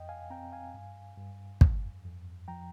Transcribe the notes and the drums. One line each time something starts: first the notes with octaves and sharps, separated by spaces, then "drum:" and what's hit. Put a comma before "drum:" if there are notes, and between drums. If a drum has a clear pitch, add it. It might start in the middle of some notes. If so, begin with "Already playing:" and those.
Already playing: F2 D#5 G5
F5 G#5
C4 G5 A#5
F5 G#5
G2
G2
F2, drum: kick
F2
F3 G5 A#5